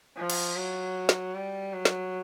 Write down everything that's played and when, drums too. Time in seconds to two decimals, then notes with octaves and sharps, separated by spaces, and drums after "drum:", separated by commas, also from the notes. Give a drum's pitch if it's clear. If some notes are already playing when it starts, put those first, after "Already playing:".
0.17 F3
0.30 drum: cymbal
0.56 F#3
1.09 drum: snare
1.34 G3
1.73 F#3
1.85 drum: snare